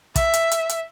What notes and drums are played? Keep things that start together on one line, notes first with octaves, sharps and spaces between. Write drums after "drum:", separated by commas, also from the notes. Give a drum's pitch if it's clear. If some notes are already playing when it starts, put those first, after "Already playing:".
E5, drum: kick, hi-hat
drum: hi-hat
drum: hi-hat
drum: hi-hat